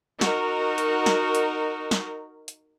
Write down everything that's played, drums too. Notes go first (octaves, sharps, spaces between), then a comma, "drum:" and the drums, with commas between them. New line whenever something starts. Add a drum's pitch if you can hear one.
D#4 F#4 A#4, drum: snare
drum: hi-hat
drum: snare
drum: hi-hat
drum: snare
drum: hi-hat